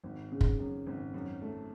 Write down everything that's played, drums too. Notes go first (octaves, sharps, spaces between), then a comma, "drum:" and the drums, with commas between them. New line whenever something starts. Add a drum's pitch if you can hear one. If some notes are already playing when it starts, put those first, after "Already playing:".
G#1
C#3
drum: kick
F#2
G#1
F#2
A3